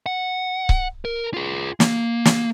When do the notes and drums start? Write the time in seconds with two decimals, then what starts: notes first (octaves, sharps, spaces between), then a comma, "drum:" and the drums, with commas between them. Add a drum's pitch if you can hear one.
0.06 F#5
0.69 drum: kick C#1
1.05 A#4
1.34 F4 G#4
1.80 A#3, drum: snare
2.25 drum: snare